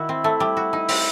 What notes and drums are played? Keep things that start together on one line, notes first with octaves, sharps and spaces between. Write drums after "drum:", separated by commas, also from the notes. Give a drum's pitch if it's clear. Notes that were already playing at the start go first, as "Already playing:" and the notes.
Already playing: D#3 E4 F#4
C4
A3
G3
F#4
D#4
C4, drum: open hi-hat